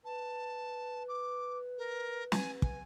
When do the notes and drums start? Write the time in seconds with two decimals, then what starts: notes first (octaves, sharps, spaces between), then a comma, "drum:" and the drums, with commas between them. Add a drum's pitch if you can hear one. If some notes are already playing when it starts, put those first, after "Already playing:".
0.04 B4 A5
1.08 D6
1.78 A#4
2.32 G#5, drum: snare
2.62 G#5, drum: kick